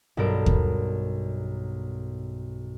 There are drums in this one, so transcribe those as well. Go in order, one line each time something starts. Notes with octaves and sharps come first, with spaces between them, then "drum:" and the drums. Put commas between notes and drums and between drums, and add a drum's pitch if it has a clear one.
B1 G2 A4 A#4 D7
drum: kick D#2